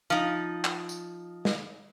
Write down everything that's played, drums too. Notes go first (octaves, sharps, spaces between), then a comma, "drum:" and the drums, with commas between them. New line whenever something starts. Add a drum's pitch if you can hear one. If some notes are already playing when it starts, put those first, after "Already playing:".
F3 D#4
drum: clap
drum: tambourine
drum: snare